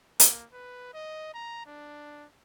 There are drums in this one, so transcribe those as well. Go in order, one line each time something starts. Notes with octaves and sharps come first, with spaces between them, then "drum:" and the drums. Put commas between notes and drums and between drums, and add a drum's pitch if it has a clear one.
A#3, drum: hi-hat
B4
D#5
A#5
D4